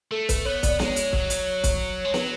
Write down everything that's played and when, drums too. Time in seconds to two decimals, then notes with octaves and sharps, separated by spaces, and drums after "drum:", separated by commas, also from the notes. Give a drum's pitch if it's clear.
0.11 A3 A4
0.29 B4, drum: kick, hi-hat
0.45 B3 C#5
0.63 D5, drum: kick, hi-hat
0.79 G#3 C#5, drum: snare
0.96 drum: hi-hat
1.13 F#3, drum: kick
1.30 drum: hi-hat
1.64 drum: kick, hi-hat
2.05 G#3
2.14 F#3 B4, drum: snare